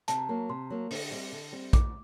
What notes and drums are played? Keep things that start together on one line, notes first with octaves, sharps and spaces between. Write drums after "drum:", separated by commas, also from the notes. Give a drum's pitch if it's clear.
C3 A5, drum: hi-hat
A#5
A5
F#3 A#3
C3 C6
F#3 A#3
D3, drum: open hi-hat
G3 C4
D3
G3 C4
D2 D6, drum: kick A#1, hi-hat